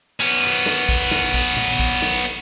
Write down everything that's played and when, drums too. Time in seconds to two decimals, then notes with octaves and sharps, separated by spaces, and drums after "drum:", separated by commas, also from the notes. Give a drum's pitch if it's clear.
0.21 B3 C#4, drum: hi-hat
0.43 drum: open hi-hat
0.66 drum: snare
0.89 drum: kick, hi-hat
1.11 drum: snare
1.34 drum: kick, hi-hat
1.57 drum: tom A#2
1.79 drum: kick, hi-hat
2.02 drum: snare
2.25 drum: hi-hat